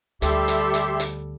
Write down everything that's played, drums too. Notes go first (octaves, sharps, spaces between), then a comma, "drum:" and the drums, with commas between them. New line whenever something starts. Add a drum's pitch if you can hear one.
D2 G3 G4 A4 E5 C6, drum: hi-hat
drum: hi-hat
drum: hi-hat
drum: hi-hat